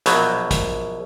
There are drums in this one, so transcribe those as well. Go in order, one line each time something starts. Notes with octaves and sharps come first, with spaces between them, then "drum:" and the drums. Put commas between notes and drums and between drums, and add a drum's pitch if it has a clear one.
A#1 B2 F#3, drum: hi-hat
drum: kick, hi-hat